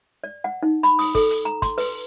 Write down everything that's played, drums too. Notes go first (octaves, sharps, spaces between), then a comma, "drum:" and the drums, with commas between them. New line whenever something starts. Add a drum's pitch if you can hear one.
D5
F#5
D#4
B5, drum: hi-hat
D#6, drum: open hi-hat
A4, drum: kick, open hi-hat
drum: hi-hat
A#5
C6, drum: kick, hi-hat
B4, drum: open hi-hat